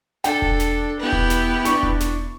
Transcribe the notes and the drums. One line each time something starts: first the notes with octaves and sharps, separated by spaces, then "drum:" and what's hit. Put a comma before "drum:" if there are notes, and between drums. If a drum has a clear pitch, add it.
D4 A4 G5, drum: snare
drum: kick E1
drum: snare
B3 E4 G4 B4
drum: kick E1
drum: snare
D4 C#6, drum: snare
drum: kick E1
drum: snare